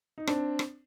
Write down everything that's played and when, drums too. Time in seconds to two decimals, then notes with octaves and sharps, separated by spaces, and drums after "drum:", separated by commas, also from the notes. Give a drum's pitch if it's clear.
0.18 D#4
0.27 C4 D4, drum: rim click
0.59 drum: rim click